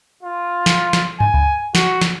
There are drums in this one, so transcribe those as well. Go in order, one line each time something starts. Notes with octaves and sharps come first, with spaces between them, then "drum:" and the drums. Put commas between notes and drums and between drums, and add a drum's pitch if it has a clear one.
F4
drum: snare
drum: snare
G#5, drum: tom G2
drum: kick C#2
F#4, drum: snare
drum: snare